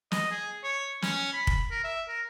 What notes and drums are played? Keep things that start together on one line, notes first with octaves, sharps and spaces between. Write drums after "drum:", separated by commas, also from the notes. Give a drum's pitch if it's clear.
D#5, drum: snare
G#4
C#5
C#4, drum: snare
B5
drum: kick F1
A#4
E5
A#4